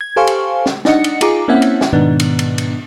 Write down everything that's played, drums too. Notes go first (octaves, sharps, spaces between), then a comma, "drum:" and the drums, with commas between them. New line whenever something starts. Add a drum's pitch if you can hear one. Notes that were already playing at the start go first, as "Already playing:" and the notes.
G#6
G4 A4 C5 F5 G#5 C#6
drum: cymbal
drum: snare
D4 D#4 D#5 F#5 C#7, drum: snare
drum: cymbal
D#4 F4 G#4 A#5 D6, drum: cymbal
A#3 C4 C#4 E4 E5 F#5
drum: cymbal
drum: snare
G#2 B2 D#3 B3 D4
drum: cymbal
drum: cymbal
drum: cymbal